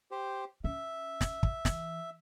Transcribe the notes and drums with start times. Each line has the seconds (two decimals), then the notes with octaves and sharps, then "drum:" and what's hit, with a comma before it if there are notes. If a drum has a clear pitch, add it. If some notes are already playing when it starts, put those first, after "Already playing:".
0.11 G4 C5
0.64 C#4 E5
1.21 drum: snare
1.43 drum: kick
1.65 E3, drum: snare